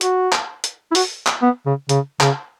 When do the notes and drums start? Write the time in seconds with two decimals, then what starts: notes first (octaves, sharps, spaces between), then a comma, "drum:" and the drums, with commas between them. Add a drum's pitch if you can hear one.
0.01 F#4, drum: hi-hat
0.32 drum: clap
0.64 drum: hi-hat
0.91 E4
0.95 F#4, drum: open hi-hat
1.27 drum: clap
1.42 B3
1.66 C#3
1.89 C#3, drum: hi-hat
2.21 C#3, drum: clap